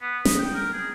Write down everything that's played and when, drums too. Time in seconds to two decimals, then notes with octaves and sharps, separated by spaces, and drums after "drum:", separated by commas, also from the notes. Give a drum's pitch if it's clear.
0.02 B3
0.25 D#5, drum: snare
0.39 G5
0.54 A#4
0.73 G#4